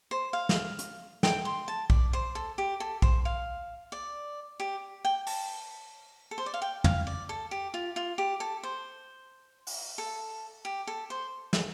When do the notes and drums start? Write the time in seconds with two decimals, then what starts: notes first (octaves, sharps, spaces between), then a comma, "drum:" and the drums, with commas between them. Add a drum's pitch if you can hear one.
0.11 C5
0.33 F5
0.49 drum: snare
0.79 drum: hi-hat
1.23 G5, drum: snare
1.45 C6
1.68 A5
1.90 D5, drum: kick B1
2.13 C5
2.35 A4
2.58 G4
2.80 A4
3.02 C5, drum: kick B1
3.25 F5
3.92 D5
4.60 G4
5.05 G5
5.27 A5, drum: open hi-hat
6.31 A4
6.38 C5
6.46 D5
6.54 F5
6.62 G5
6.84 F5, drum: tom
7.07 D5
7.29 A4
7.51 G4
7.74 F4
7.96 F4
8.18 G4
8.40 A4
8.63 C5
9.67 drum: open hi-hat
9.98 A4
10.65 G4
10.87 A4
11.10 C5
11.53 drum: snare